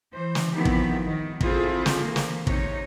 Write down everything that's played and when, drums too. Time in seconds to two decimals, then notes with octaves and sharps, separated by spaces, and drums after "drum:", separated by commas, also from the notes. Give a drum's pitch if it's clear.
0.13 E3 C5
0.35 drum: snare
0.54 D#3 F3 B3 C4 E4 G4
0.65 drum: kick
1.06 D#3
1.41 C4 E4 F4 G#4 A4 C5, drum: kick
1.86 drum: snare
2.01 E3 A#3
2.16 drum: snare
2.47 C3 D#4 C#5, drum: kick